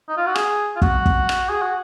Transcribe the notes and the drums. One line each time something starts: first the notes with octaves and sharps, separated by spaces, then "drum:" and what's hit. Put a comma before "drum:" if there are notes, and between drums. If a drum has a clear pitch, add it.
D#4
F4
F#4
G#4, drum: rim click
F4
F#4, drum: kick
drum: kick
drum: rim click
G#4
F#4